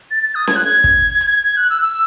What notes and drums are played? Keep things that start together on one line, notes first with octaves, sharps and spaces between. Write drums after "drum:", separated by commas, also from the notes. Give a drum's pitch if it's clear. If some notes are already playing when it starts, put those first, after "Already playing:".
A6
A6
D#6
G#6, drum: snare C#4
F#6
G#6
drum: kick
drum: hi-hat
F#6
E6
E6